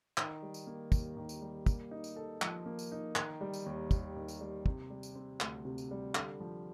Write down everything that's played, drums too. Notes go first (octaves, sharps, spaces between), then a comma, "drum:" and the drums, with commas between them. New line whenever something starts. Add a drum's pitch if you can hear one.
D#3, drum: clap
G3
drum: tambourine
A#3
D#2, drum: kick, tambourine
D#3
drum: tambourine
G3
A#3, drum: kick, tambourine
D#4
drum: tambourine
A4
F3, drum: clap
A#3
drum: tambourine
D#4
D#3, drum: clap
G3
drum: tambourine
D#2
D#2, drum: kick, tambourine
D#3
drum: tambourine
G3
C3, drum: kick
G3
drum: tambourine
C4
D2, drum: clap
C3
drum: tambourine
G3
D3, drum: clap
F3